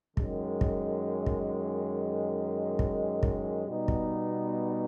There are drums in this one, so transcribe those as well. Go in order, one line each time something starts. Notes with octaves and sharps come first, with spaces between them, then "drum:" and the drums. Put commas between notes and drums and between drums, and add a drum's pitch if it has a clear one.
F#2 D#3 G#3, drum: kick
drum: kick
drum: kick
drum: kick
drum: kick
B2 G3 B3 D#4
drum: kick